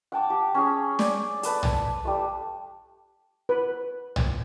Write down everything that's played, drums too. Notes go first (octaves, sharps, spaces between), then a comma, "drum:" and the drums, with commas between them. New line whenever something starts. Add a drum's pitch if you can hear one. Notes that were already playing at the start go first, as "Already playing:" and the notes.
F#5 G5 A5 D6
G4
C#4 G#4
D5, drum: snare
A4 B4 A5, drum: hi-hat
drum: tom B1
G3 A3
B4
drum: tom B1